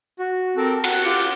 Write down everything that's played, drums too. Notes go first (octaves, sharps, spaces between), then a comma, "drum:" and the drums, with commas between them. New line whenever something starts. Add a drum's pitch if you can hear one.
F#4
C4 G4 A4 A#4
F#4 F#5, drum: cymbal
F4 G4 D6